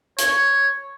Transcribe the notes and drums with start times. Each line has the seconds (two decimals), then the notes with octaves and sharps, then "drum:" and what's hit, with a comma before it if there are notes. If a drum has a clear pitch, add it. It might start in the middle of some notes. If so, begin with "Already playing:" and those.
0.18 C#5, drum: hi-hat